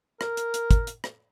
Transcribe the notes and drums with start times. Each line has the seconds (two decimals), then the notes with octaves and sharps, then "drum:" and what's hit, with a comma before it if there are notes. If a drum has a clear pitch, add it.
0.21 A#4, drum: rim click
0.37 drum: hi-hat
0.54 drum: hi-hat
0.71 drum: kick, hi-hat
0.87 drum: hi-hat
1.04 drum: rim click